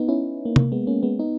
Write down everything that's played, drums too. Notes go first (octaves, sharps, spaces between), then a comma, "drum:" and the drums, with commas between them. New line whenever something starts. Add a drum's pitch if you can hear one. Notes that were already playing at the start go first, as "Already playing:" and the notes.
Already playing: B3 D#4
C#4 E4
A#3
A#3, drum: tom C3
G#3 B3
A#3 C#4
G#3 B3
B3 D#4